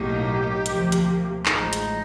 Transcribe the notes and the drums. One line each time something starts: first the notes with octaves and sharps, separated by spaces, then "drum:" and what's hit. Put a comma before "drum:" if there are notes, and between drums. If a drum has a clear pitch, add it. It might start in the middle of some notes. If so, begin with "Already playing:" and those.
Already playing: B1 A2 F#3 A#3 D#4 G4
D2 C3 F3 A#3, drum: hi-hat
drum: hi-hat
A1 A2 F3 G#3 D#4, drum: clap
drum: hi-hat